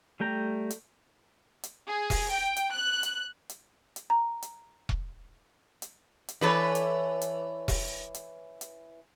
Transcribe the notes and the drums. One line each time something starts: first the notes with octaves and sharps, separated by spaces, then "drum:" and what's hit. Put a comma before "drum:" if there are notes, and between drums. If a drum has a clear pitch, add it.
G3 A3 G5 A#5
drum: hi-hat
drum: hi-hat
G#4
drum: kick E1, open hi-hat
G5
drum: hi-hat
F#6
drum: hi-hat
drum: hi-hat
drum: hi-hat
A#5
drum: hi-hat
drum: kick E1
drum: hi-hat
drum: hi-hat
E3 A4 B4 C#5 D5
drum: hi-hat
drum: hi-hat
drum: kick E1, open hi-hat
drum: hi-hat
drum: hi-hat